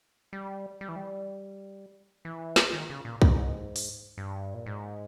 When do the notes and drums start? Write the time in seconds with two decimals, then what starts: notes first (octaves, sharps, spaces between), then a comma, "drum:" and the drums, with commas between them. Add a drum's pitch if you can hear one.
0.33 G3
0.81 G3
0.89 E3
0.96 G3
2.25 E3
2.56 drum: snare
2.73 D#3
2.90 C#3
3.05 A#2
3.22 G#2, drum: kick
3.76 drum: open hi-hat
4.18 G2
4.54 A#2
4.66 G#2